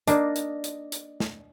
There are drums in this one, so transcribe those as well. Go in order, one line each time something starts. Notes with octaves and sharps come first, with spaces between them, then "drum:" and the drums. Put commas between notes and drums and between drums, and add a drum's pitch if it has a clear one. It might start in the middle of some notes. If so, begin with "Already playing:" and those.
A#3 D4 D5 D#5, drum: hi-hat
drum: hi-hat
drum: hi-hat
drum: hi-hat
drum: snare